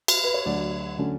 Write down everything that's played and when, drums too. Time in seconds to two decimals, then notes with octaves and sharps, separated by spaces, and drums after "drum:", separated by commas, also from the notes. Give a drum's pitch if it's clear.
0.08 drum: cymbal
0.24 B4
0.34 C#5
0.46 D2 D3 F#3 D5
0.98 D3 F#3 A3 C#4